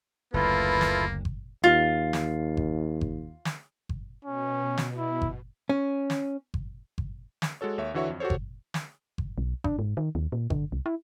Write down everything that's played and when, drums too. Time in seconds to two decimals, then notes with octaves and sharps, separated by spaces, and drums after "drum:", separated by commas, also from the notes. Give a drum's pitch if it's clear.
0.34 F#1 D2 A#3 E4 F4 A4 B4
0.81 drum: snare
1.25 drum: kick G1
1.64 D#2 F4
2.13 drum: snare
2.57 drum: kick G1
3.01 drum: kick G1
3.45 drum: snare
3.89 drum: kick G1
4.25 B2 C#4
4.77 drum: snare
4.98 E4
5.22 drum: kick G1
5.69 C#4
6.10 drum: snare
6.54 drum: kick G1
6.98 drum: kick G1
7.42 drum: snare
7.61 G#3 F#4 A4 C#5
7.78 D#2 C#5 E5
7.94 D3 E3 F#4 C#5 E5 C#6
8.09 F2
8.20 F#4 G4 A4 C5 C#5
8.30 drum: kick G1
8.74 drum: snare
9.18 drum: kick G1
9.38 B1
9.64 D4, drum: kick G1
9.79 G#2
9.97 D#3
10.15 D#2
10.32 A#2
10.50 D3, drum: kick G1
10.72 C2
10.86 E4